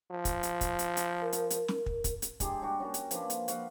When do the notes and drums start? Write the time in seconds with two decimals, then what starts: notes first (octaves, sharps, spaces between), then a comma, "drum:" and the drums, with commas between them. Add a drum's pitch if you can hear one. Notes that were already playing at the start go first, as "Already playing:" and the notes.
0.11 F3
0.25 drum: kick, hi-hat
0.43 drum: hi-hat
0.61 drum: kick, hi-hat
0.79 drum: hi-hat
0.97 drum: hi-hat
1.22 A#4
1.33 drum: hi-hat
1.50 drum: hi-hat
1.68 drum: snare
1.86 drum: kick
2.04 drum: kick, hi-hat
2.22 drum: hi-hat
2.40 G#3 D4 G4 G#4, drum: kick, hi-hat
2.62 G3 D4 F#4
2.80 C#4 F#4 A#4
2.94 drum: hi-hat
3.11 F3 A#3 D4 B4, drum: hi-hat
3.30 drum: hi-hat
3.48 F#4 B4 F5 F#5, drum: hi-hat